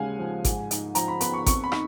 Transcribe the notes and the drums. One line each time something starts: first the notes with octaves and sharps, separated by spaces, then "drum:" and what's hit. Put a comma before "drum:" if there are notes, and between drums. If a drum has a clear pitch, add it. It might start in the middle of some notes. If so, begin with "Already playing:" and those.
Already playing: D#2 C#3 G#3 F5 F#5 G#5
F3
G#2, drum: kick G#1, hi-hat
D#4, drum: hi-hat
F3 A#5, drum: hi-hat
B5
B3 B5, drum: hi-hat
C#6
F2 C#6, drum: kick G#1, hi-hat
B5
D#4, drum: rim click